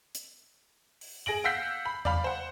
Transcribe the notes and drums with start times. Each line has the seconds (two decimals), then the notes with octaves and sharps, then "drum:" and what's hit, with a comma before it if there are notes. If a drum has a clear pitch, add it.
0.15 drum: hi-hat
1.01 drum: open hi-hat
1.26 G#4 A#6 D7 F#7
1.44 F5 F#5 E6 G6 B6 C7
1.85 B5
2.05 D5 F5 B5, drum: tom E2
2.24 C5 F#5